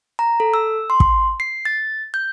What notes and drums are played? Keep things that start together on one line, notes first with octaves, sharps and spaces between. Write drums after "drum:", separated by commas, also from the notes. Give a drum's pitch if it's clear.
A#5
A4
E6
C6
drum: kick
C7
A6
G6